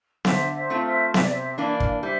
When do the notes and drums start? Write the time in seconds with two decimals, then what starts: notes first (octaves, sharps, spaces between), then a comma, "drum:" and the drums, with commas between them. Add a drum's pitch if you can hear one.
0.25 D3 C5 E5, drum: snare B3
0.55 C5 E5
0.70 A3 C4 F4
0.84 C5 E5
1.14 C3 E5, drum: snare B3
1.22 D5
1.29 C5 E5
1.58 E3 A#3 D4 D5 F5
1.80 drum: kick
2.03 G3 C5 E5